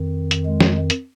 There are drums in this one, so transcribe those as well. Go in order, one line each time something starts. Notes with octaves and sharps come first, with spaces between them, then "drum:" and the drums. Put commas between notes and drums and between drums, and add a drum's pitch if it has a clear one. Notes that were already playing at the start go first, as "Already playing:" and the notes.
Already playing: F2 D#3
drum: hi-hat
G#3
drum: snare
drum: hi-hat